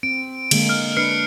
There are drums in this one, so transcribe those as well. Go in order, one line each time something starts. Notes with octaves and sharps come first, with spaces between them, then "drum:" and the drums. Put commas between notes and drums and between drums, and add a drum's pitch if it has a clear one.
C4 D7
D3 G#3 A#3, drum: cymbal
F6
D4 B4 F6 C7 C#7